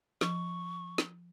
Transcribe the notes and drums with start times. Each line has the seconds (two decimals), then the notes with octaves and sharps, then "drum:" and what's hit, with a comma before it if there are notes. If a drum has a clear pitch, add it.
0.21 F3 C#6, drum: snare
0.98 drum: snare